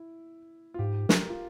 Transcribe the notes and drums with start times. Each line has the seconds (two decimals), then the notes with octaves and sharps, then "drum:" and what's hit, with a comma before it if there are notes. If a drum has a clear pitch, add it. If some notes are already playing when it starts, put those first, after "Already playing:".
Already playing: E4
0.74 F4
0.79 G#2 G4
1.09 A#4, drum: snare
1.29 F4